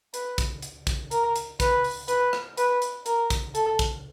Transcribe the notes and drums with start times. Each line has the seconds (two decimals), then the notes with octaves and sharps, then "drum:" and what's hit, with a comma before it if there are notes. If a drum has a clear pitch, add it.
0.14 B4, drum: hi-hat
0.38 drum: kick, hi-hat
0.62 drum: hi-hat
0.87 drum: kick, hi-hat
1.11 A#4, drum: hi-hat
1.36 drum: hi-hat
1.60 B4, drum: kick, hi-hat
1.84 drum: open hi-hat
2.08 B4, drum: hi-hat
2.33 drum: rim click
2.57 B4, drum: hi-hat
2.82 drum: hi-hat
3.06 A#4, drum: hi-hat
3.30 drum: kick, hi-hat
3.55 A4, drum: hi-hat
3.79 drum: kick, hi-hat